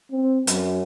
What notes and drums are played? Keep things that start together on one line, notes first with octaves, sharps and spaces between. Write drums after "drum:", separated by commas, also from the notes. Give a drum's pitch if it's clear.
C4
F#2, drum: hi-hat